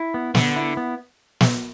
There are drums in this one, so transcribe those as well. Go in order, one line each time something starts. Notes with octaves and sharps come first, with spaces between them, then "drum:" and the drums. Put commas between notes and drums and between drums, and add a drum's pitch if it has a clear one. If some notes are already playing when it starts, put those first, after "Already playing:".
Already playing: E4
B3
D3 B3, drum: snare
E4
B3
drum: snare